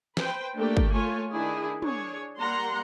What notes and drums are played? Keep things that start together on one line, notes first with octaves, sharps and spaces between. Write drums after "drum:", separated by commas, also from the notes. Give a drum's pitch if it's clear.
B4 C5 G5, drum: snare
A3 A#3 D4 G4 G5
drum: kick
A3 F4 C#5 G#5
D#3 D4 E4 G#4
D4 G#4 C#5, drum: tom
G3 A#3 F#5 A#5 C6